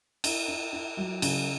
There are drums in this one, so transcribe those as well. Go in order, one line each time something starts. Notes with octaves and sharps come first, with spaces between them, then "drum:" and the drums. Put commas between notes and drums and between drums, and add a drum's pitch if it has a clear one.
E4, drum: cymbal
E4
E4
F#3
C#3, drum: cymbal